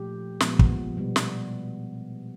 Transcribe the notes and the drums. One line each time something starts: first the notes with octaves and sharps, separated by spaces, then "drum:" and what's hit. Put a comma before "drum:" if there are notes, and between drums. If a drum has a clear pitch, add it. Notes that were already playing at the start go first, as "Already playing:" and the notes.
Already playing: A#2 F3 A3 D4 G4
A#2 F3 G#3 B3, drum: snare
drum: kick
B2 G3 B3
drum: snare